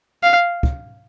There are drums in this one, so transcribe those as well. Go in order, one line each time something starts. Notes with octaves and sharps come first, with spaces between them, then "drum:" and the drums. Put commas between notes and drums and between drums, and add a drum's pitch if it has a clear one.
F5
drum: kick